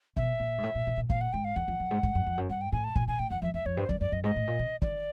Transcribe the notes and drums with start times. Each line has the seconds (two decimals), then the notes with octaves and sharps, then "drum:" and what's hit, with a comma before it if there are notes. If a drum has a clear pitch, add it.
0.16 B2 E5, drum: kick
0.40 A#2
0.58 G#2
0.63 A2
0.75 A#2
0.87 B2
0.97 A#2
1.09 A#2 F5, drum: kick
1.21 F#5
1.33 G#2 G5
1.45 F5
1.56 E2 F#5
1.68 F2
1.80 F#2
1.91 G#2
2.03 G#2, drum: kick
2.15 F#2
2.26 F2
2.37 F#2
2.49 G2 F#5
2.61 G5
2.72 A2 G#5
2.84 A5
2.95 A#2 G#5, drum: kick
3.08 A#2 G#5
3.19 A2 G5
3.30 F2 F#5
3.42 F2 E5
3.54 E2 E5
3.66 F2 C#5
3.77 G2 C5
3.89 F#2 D5, drum: kick
4.00 F#2 D5
4.12 F#2 D#5
4.24 G#2 D#5
4.36 A2
4.47 A#2
4.59 C3
4.82 D#3 D5, drum: kick